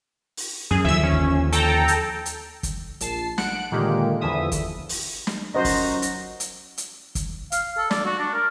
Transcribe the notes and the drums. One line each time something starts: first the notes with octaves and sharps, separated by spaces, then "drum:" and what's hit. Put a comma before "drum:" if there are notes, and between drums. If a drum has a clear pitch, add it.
drum: open hi-hat
F#2 G#4
D#2 D3 F3 E5 E6
C#4
drum: kick
A4 G5 A#5, drum: hi-hat
drum: hi-hat
drum: hi-hat
drum: kick, hi-hat
A#1 A5 C7, drum: hi-hat
F#5 F#6 D7, drum: snare
A#2 D3 D#3 G#3 A#3 G4
E2 D3 E3 F3 E5 D#6
drum: kick, hi-hat
drum: open hi-hat
drum: snare
F#2 D#4 F#4 C5 D#5 A#5
drum: kick, open hi-hat
drum: hi-hat
drum: hi-hat
drum: hi-hat
drum: kick, hi-hat
F5, drum: hi-hat
A4
D5, drum: snare
F#4
D4
A#4